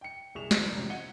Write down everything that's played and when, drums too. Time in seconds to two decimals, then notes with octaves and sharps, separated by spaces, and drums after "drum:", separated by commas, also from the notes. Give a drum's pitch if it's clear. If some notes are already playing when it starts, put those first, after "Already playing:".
0.01 G5 C#7
0.35 F#1 C2 G#4 C#6 E7 F7
0.51 E4 C5 D5 D#5, drum: snare
0.65 F1
0.77 A2 C3 D#3 F3
0.90 D#5 F#5 G#6 C#7 D#7 G7